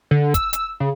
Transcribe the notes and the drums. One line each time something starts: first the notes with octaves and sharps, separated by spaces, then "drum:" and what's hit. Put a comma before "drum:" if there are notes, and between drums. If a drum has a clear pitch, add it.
D3
E6, drum: kick, hi-hat
drum: hi-hat
C#3